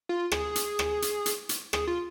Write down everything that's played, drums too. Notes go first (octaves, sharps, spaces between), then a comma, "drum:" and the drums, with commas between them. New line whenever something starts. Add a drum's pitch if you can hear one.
F4
G#4, drum: rim click
drum: hi-hat
drum: rim click
drum: hi-hat
drum: hi-hat
drum: hi-hat
G#4, drum: rim click
F4